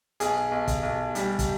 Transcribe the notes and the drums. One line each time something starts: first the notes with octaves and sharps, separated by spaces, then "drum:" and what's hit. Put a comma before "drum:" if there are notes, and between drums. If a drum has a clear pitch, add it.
B1 G#4, drum: hi-hat
B1
drum: kick, hi-hat
B1
G3, drum: hi-hat
drum: kick, hi-hat